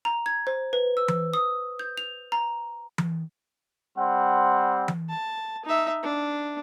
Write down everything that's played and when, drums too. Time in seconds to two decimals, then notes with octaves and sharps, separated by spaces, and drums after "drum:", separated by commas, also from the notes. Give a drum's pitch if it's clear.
0.05 A#5
0.26 G#6
0.47 C5
0.73 B4
0.97 E6
1.08 drum: tom E3
1.34 D#6
1.79 G6
1.98 F7
2.32 A#5
2.98 drum: tom E3
3.98 G3 C4 C5 F#5
4.88 drum: tom E3
5.10 A5
5.65 D#4 E5
6.03 D4